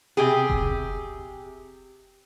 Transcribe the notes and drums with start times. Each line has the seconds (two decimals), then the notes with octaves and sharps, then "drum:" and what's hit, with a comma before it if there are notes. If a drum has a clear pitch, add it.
0.17 C3 G4 G#4
0.50 drum: kick F1